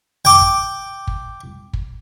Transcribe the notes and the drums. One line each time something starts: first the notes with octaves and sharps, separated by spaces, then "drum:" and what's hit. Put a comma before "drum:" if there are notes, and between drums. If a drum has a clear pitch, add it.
G5 D6
drum: kick
drum: kick
drum: kick